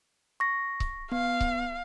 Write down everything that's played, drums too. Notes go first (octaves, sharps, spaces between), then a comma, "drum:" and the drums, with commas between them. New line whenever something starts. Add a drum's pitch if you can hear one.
C#6 A#6
drum: kick C#1
B3 F5
drum: kick C#1